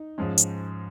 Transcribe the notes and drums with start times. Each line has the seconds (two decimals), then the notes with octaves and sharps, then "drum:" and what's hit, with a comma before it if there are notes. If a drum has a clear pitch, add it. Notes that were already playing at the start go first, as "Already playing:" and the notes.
Already playing: D#4
0.18 G#2 F3 G#3 C#4
0.38 drum: hi-hat